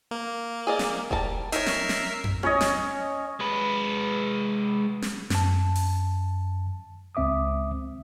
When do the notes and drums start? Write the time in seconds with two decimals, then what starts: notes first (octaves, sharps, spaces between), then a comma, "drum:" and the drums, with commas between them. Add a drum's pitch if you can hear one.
0.11 A#3
0.67 G#4 D5 D#5
0.79 drum: snare
1.11 G3 A#4 A5, drum: kick E1
1.52 D#4 A#4 C#5 E5 C7, drum: hi-hat
1.66 drum: snare
1.89 drum: snare
2.24 drum: tom
2.43 C#4 C#5 D#5, drum: tom E4
2.61 drum: snare
3.40 G#3 B4
5.02 drum: snare
5.30 F#2 A5, drum: snare
5.76 drum: open hi-hat
7.15 C#2 C4 E5 D6 D#6